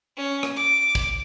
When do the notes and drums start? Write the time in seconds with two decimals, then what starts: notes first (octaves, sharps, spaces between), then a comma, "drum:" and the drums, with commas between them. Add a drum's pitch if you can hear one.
0.17 C#4
0.43 drum: rim click
0.57 D6
0.95 drum: kick, hi-hat